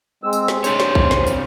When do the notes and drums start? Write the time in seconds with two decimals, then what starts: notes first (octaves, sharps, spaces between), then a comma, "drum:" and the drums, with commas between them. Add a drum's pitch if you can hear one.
0.24 G#3 C4 E6
0.33 drum: tambourine
0.48 drum: snare
0.64 C3 D4 C5 C#5, drum: tambourine
0.80 drum: snare
0.95 drum: kick
1.11 drum: snare
1.27 drum: tambourine